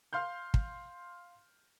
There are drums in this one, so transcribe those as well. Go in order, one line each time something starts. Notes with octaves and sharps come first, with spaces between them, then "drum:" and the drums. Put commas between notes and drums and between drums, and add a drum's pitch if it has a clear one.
F5 C6 F6 G6
drum: kick